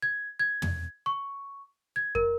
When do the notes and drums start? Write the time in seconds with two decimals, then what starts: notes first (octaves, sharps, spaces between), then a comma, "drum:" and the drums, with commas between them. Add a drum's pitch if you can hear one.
0.02 G#6
0.39 G#6
0.62 drum: tom
1.06 C#6
1.96 G#6
2.15 A#4, drum: kick F2